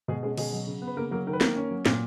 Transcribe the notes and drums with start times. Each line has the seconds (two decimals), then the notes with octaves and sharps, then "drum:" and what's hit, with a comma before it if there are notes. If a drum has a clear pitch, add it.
0.08 B2 G#3 G#4
0.23 G#3 C#4 G#4
0.37 B2 G#3 G#4, drum: cymbal
0.53 F#3
0.67 C#3
0.82 B3
0.87 B4
0.96 C#3 A#3 A#4
1.11 F#3 A#3 A#4
1.27 D#3 A#4
1.33 B4
1.41 A#3 A#4, drum: snare
1.56 C#4
1.71 F#3
1.86 A#2, drum: snare